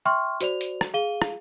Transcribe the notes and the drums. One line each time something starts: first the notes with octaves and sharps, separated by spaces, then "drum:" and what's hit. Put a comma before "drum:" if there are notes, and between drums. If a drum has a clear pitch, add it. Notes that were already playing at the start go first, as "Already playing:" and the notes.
E5 G5 C6 C#6 F6
F#4 C5 D5 F7, drum: hi-hat
drum: hi-hat
drum: rim click
G#4 F5 D#7 G7
drum: rim click